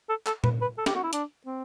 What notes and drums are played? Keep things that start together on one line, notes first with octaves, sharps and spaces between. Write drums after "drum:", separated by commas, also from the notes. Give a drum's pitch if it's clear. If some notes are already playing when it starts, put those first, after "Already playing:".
A4
A4, drum: clap
B4, drum: tom A#2
B4
A4
G4, drum: snare
F#4
E4
D4, drum: hi-hat
C4